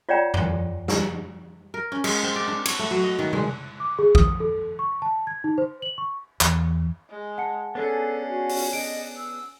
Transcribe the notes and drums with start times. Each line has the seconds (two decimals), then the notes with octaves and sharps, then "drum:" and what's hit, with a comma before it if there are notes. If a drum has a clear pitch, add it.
0.09 F4 C#5 D5 F#5 G5 A#5
0.34 drum: tom E2
0.88 drum: snare
1.74 A#4
1.92 C#4
2.04 G#3, drum: cymbal
2.23 C4
2.35 D5
2.48 D4
2.65 C#5, drum: cymbal
2.79 A3
2.91 F#3
3.03 D#5
3.19 D#3
3.33 G#3, drum: tom C3
3.80 D6
3.99 G#4
4.15 D#6, drum: kick A#1
4.40 A4
4.79 C#6
5.02 A5
5.27 G#6
5.44 D#4
5.58 C5
5.82 F#7
5.98 C#6
6.41 E2, drum: clap
7.09 G#3
7.38 F#5 A5 C#7
7.75 B3 C#4 D4 G#4 A4
8.29 F#4
8.49 drum: open hi-hat
8.73 D#5 D7
9.17 E6